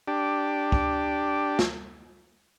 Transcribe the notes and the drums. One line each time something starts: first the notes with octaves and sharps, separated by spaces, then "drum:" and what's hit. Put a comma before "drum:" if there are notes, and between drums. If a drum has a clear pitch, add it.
D4 G4
drum: kick
drum: snare